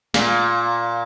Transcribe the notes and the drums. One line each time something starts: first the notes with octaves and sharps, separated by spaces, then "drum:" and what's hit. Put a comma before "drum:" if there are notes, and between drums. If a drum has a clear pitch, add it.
A#2, drum: snare